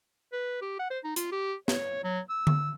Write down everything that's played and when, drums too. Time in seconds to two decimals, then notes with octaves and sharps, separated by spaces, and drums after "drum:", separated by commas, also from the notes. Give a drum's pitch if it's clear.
0.33 B4
0.62 G4
0.79 F#5
0.90 C5
1.04 D#4
1.16 F4, drum: hi-hat
1.32 G4
1.68 C#5, drum: snare
2.04 F#3
2.30 E6
2.47 drum: tom D3